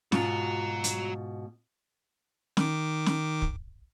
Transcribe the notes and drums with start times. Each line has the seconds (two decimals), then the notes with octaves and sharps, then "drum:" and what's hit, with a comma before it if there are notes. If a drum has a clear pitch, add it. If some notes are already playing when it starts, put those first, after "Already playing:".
0.12 G#2 B2 F4 F#4 A#5, drum: snare
0.84 drum: hi-hat
2.57 D#3 D6, drum: snare
3.06 drum: snare
3.42 drum: kick